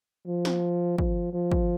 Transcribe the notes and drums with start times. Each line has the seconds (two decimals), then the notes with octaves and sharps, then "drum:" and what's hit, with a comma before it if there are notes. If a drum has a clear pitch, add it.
0.27 F3
0.45 drum: snare
0.98 F3, drum: kick
1.33 F3
1.52 drum: kick